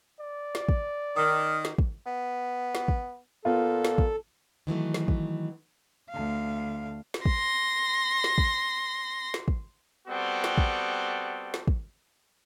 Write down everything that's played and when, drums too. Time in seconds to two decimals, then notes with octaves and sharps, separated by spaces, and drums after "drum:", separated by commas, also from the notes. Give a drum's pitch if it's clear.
0.20 D5
0.55 drum: snare
0.69 drum: kick
1.16 D#3 D#6 F6
1.65 drum: snare
1.78 drum: kick
2.06 B3
2.75 drum: snare
2.88 drum: kick
3.45 A#2 B3 F4 A4
3.85 drum: snare
3.98 drum: kick
4.67 D#3 E3 F#3 A3
4.94 drum: snare
5.08 drum: kick
6.09 D2 F5
7.14 drum: snare
7.26 C6 A#6, drum: kick
8.24 drum: snare
8.38 drum: kick
9.34 drum: snare
9.48 drum: kick
10.07 G3 B3 C4 F#4 A4
10.44 drum: snare
10.58 drum: kick
11.54 drum: snare
11.68 drum: kick